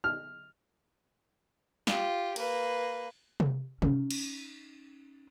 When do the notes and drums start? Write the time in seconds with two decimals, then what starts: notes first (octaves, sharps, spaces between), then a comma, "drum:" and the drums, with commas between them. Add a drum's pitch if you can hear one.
0.04 F6
1.87 F4 G4, drum: snare
2.36 A#3 B4, drum: cymbal
3.40 drum: tom C3
3.82 C#4 D#4, drum: tom C3
4.11 drum: cymbal